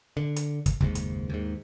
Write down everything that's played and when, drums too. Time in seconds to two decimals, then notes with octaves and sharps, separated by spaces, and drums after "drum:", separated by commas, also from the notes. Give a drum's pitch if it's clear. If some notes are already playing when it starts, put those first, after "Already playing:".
0.17 D3
0.36 drum: hi-hat
0.66 drum: kick, hi-hat
0.81 F#1 D#2 G#2, drum: kick
0.95 drum: hi-hat
1.30 D#2 G#2